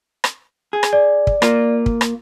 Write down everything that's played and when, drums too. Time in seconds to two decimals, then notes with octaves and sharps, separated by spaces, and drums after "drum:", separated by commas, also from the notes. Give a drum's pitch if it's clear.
0.24 drum: rim click
0.73 G#4
0.83 drum: rim click
0.93 D5
1.27 drum: kick
1.42 A#3 F4, drum: rim click
1.86 drum: kick
2.01 drum: rim click